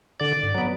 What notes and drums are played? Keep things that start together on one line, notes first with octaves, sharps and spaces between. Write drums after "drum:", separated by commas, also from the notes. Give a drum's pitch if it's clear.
D3 D5
drum: tom F#2
F#3 B3